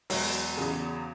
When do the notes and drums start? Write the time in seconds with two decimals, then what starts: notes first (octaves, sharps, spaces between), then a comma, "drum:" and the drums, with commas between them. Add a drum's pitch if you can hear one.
0.10 E1 F#3, drum: open hi-hat
0.57 E2 C#3